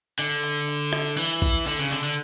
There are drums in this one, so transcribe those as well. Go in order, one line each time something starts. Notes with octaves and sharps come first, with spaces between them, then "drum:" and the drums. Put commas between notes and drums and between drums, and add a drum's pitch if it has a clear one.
D3, drum: hi-hat
drum: hi-hat
drum: hi-hat
drum: rim click
E3, drum: hi-hat
drum: kick, hi-hat
D3, drum: hi-hat
C#3
D3, drum: hi-hat
D3